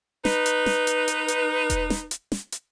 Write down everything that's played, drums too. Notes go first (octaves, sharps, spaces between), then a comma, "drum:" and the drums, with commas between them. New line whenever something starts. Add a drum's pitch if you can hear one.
D#4 B4, drum: snare
drum: hi-hat
drum: snare
drum: hi-hat
drum: hi-hat
drum: hi-hat
drum: kick E1, hi-hat
drum: snare
drum: hi-hat
drum: snare
drum: hi-hat